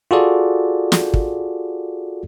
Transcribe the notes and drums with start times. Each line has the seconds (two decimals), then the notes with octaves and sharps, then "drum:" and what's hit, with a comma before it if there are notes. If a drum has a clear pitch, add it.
0.11 F4 F#4 G#4 A4 D5
0.92 drum: snare
1.14 drum: kick